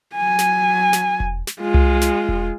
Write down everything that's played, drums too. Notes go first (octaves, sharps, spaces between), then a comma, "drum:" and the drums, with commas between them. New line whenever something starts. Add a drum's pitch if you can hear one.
F#3 G#5
drum: snare
drum: snare
drum: kick E1
drum: snare
G#3 F4
drum: tom C2
drum: snare
drum: kick E1